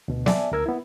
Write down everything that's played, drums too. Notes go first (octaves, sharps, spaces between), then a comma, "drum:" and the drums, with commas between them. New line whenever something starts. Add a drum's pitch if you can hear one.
D2 B2
D5 E5 G#5 A5, drum: snare B3
D2 A#4 E6 G#6
B3 E4